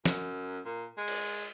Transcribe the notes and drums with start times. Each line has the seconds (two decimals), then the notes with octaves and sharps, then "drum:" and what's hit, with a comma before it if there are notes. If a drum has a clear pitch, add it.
0.05 F#2, drum: snare
0.65 A#2
0.98 G#3
1.08 drum: cymbal